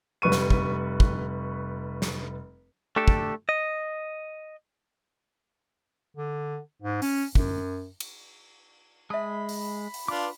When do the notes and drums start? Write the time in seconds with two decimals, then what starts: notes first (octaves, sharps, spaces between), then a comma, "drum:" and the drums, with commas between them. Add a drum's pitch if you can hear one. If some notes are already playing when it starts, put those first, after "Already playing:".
0.22 F1 G3 B4 C#6 D#7
0.32 drum: snare
0.50 drum: kick
1.00 drum: kick
2.02 drum: snare
2.96 A3 D4 G4 A4
3.08 drum: kick
3.49 D#5
6.17 D3
6.82 G#2
7.02 C#4, drum: open hi-hat
7.35 F#2, drum: kick
8.00 drum: cymbal
9.10 G#3 E5 A5 B5 D#6
9.49 drum: open hi-hat
9.94 drum: open hi-hat
10.08 D4 F4 B4 D6